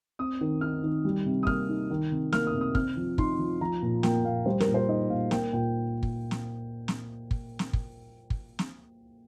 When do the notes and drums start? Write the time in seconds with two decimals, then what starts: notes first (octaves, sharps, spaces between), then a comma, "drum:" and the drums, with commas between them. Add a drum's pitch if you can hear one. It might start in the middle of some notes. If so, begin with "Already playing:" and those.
0.19 C4 D#6
0.41 D#3
0.61 D#4 F6
0.83 D#3
1.05 G3
1.26 C3
1.43 D#6
1.47 A#3 F6, drum: kick
1.69 D#4
1.90 D#3
2.11 C3
2.32 A#3 F6, drum: snare
2.47 D#6
2.54 C3
2.61 D#6
2.75 C4 F6, drum: kick
2.96 F3
3.18 D#4 C6, drum: kick
3.39 F3
3.61 F3 A#5
3.82 A#2
4.03 A#3 G5, drum: snare
4.25 A#2 F5
4.46 G3 C5
4.60 A#4, drum: snare
4.68 A#2
4.74 C5
4.88 D#4 D#5
5.10 A#2 F5
5.31 A#3 G5, drum: snare
5.53 A#2 G5
6.03 drum: kick
6.31 drum: snare
6.88 drum: snare
7.31 drum: kick
7.59 drum: snare
7.73 drum: kick
8.30 drum: kick
8.59 drum: snare